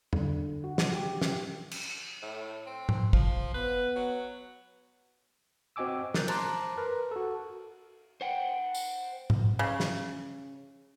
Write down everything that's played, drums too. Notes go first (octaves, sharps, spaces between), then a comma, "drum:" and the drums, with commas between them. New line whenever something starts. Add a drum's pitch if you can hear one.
D3, drum: tom E2
F#4
drum: snare
G4
drum: snare
drum: cymbal
A2
C4
drum: tom G#2
F3, drum: kick
B3 B4
F#3
C4 F#4 D#5 G#5 D6 E6
A#4 F#6 G6 A6, drum: snare
C5 A5 A#5 C6 D6 F#6, drum: cymbal
A#4 B4
F#4 A4
C5 F#5 G5
drum: tambourine
drum: tom G#2
C#3
drum: snare